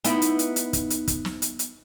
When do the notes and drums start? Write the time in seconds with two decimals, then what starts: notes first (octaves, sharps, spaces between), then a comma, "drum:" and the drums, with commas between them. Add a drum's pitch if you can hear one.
0.04 B3 D#4 E4, drum: hi-hat
0.22 drum: hi-hat
0.39 drum: hi-hat
0.56 drum: hi-hat
0.73 drum: kick, hi-hat
0.90 drum: hi-hat
1.08 drum: kick, hi-hat
1.25 drum: snare
1.42 drum: hi-hat
1.59 drum: hi-hat